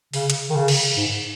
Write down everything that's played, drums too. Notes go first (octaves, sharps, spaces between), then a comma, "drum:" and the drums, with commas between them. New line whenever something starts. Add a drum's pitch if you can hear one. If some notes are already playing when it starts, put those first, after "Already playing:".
C#3, drum: open hi-hat
drum: hi-hat
D#3
C#3
drum: cymbal
G#2